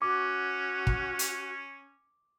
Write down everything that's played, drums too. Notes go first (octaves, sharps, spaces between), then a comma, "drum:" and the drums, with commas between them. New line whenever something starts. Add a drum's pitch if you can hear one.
C#4 F#4 D6
drum: kick
drum: hi-hat